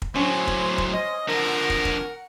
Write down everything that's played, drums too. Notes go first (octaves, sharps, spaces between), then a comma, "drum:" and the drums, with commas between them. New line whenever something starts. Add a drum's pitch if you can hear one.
drum: kick
A2 F#3 C#4 C5 C6
drum: kick
drum: kick
D#5
D3 F3 A#4 F#5
drum: kick
drum: kick